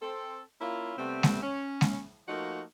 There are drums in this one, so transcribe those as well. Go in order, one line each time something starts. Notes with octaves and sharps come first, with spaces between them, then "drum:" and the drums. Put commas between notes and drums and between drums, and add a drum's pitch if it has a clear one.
C4 A4
A#3 C#4 E4 F4
C3 G3 A3 B3 C4
drum: snare G#3
C#4
drum: snare G#3
F3 A3 A#3 D#4 F#4